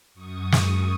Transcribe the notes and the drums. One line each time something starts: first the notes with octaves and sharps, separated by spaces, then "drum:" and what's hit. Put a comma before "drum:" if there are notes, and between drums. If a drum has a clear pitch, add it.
F#2 C#6 D#6
drum: snare